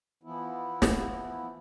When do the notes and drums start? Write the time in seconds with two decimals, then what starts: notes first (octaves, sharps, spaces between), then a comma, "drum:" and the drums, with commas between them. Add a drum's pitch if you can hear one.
0.23 E3 F3 B3 E4
0.82 drum: snare